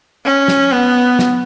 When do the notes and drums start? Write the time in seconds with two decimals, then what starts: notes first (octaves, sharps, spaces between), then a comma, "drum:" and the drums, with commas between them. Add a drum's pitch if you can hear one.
0.25 C#4
0.48 drum: snare
0.72 B3
1.19 drum: snare